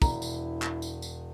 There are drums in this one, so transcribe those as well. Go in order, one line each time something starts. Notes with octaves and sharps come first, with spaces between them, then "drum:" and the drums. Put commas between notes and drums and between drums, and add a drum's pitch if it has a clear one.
E1 E4 A#5, drum: kick, tambourine
drum: tambourine
drum: clap
drum: tambourine
drum: tambourine